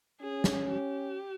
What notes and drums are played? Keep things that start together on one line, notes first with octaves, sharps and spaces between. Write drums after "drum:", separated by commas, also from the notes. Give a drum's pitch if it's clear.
C#4 G#4
drum: snare
G4